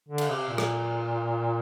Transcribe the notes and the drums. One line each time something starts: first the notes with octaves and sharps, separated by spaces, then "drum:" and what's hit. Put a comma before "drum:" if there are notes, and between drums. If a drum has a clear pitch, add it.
D3
drum: cymbal
C3
A#2
drum: rim click